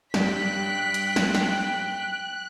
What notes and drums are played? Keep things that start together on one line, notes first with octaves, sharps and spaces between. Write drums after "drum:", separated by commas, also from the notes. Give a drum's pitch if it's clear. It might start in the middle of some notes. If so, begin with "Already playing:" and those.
G2 G3 G5 F#6 B6, drum: snare
drum: hi-hat
drum: snare
drum: snare